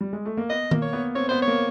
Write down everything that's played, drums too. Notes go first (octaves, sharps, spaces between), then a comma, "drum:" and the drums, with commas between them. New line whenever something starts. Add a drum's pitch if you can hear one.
G3
G#3
A3
A#3
B3 D#5
A#3, drum: tom D#3
C#5
B3
C4 C#5
B3 C5
C#5
A#3